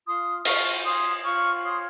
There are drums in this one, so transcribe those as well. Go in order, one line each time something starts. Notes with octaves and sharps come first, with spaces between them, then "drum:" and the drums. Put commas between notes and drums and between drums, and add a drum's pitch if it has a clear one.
F4 C6 D#6
F4 C#6 F6, drum: cymbal
C#5 C6 D#6
F4 C#6 F6
C#5 C6 D#6